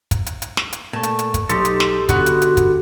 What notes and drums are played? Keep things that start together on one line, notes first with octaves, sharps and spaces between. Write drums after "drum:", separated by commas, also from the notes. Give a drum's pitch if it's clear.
drum: kick, hi-hat
drum: hi-hat
drum: hi-hat
drum: snare
drum: hi-hat
A#2 A3 A5
drum: hi-hat
drum: hi-hat
drum: kick, hi-hat
B1 D#4 G4 A4 C6, drum: hi-hat
drum: hi-hat
drum: snare
D3 B3 F#4, drum: kick, hi-hat
drum: hi-hat
drum: hi-hat
drum: kick, hi-hat